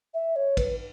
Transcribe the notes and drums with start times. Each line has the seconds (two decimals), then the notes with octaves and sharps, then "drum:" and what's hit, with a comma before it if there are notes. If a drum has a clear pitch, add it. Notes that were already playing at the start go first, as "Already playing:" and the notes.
0.14 E5
0.36 C#5
0.57 B4, drum: kick A1, cymbal